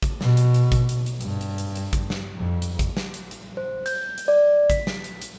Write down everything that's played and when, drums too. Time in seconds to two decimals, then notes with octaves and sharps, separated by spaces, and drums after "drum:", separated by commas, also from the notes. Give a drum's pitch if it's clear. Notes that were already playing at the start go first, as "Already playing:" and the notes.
0.03 drum: kick A1, hi-hat
0.21 B2, drum: snare
0.37 drum: hi-hat
0.54 drum: hi-hat
0.72 drum: kick A1, hi-hat
0.89 drum: hi-hat
1.06 drum: hi-hat
1.21 G2, drum: hi-hat
1.41 drum: hi-hat
1.58 drum: hi-hat
1.76 drum: hi-hat
1.93 drum: kick A1, hi-hat
2.10 drum: snare
2.37 F2
2.62 drum: hi-hat
2.79 drum: kick A1, hi-hat
2.97 drum: snare
3.14 drum: hi-hat
3.31 drum: hi-hat
3.57 C5
3.86 G6, drum: hi-hat
4.18 drum: hi-hat
4.28 D5
4.70 B6, drum: kick A1, hi-hat
4.87 drum: snare
5.04 drum: hi-hat
5.22 drum: hi-hat